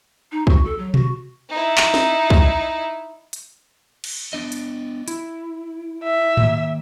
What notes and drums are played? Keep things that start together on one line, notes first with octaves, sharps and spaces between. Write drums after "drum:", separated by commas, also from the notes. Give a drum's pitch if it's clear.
D#4
F#4, drum: kick
A4
F#3
F#4, drum: tom B2
D#4 E4
drum: clap
drum: snare
drum: kick
drum: hi-hat
drum: cymbal
B3 D4 D#5
drum: hi-hat
E4, drum: hi-hat
E5
D#3 A#3, drum: tom G#2